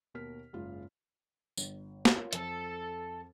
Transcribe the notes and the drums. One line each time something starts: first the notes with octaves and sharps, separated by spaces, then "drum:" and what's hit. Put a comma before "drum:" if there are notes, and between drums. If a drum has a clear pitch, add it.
D#2 B2 A#4 F6 B6
F#1 G#2 F4
G1, drum: tambourine
drum: snare
F4 A#4 C#5
F2 A4 A5, drum: hi-hat